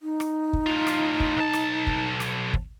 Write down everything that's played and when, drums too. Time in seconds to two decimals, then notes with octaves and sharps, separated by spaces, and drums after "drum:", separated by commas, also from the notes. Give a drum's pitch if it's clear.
0.02 D#4
0.20 drum: rim click
0.53 drum: kick
0.66 A2 F4
0.87 drum: rim click
1.20 drum: kick
1.37 B1 A5
1.53 drum: rim click
1.87 drum: kick
2.20 drum: rim click
2.54 drum: kick